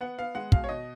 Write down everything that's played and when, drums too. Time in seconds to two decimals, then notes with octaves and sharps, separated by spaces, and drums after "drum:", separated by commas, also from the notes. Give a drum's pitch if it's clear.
0.01 B3 F#5
0.18 B3 F5
0.35 G#3 F#5
0.52 B2 F5, drum: kick
0.64 C#5
0.69 B2 D#5